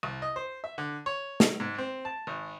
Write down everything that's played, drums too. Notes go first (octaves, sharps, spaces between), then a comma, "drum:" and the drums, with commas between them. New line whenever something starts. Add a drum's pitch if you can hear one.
C2
D#5
C5
E5
D3
C#5
drum: snare
G#2
C4
A5
G#1